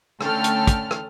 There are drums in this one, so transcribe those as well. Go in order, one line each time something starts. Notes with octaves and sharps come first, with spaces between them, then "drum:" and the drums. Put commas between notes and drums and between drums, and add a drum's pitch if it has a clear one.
D3 A3 C#4 A4 G5 F6, drum: rim click
drum: hi-hat
drum: kick, hi-hat
drum: rim click